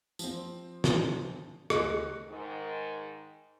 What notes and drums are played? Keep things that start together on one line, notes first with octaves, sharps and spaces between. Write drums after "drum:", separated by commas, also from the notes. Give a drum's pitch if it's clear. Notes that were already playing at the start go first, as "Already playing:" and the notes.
F3 C4, drum: tambourine
drum: snare
D2 G4 G#4 D#5 F#6, drum: rim click
G#2 D#3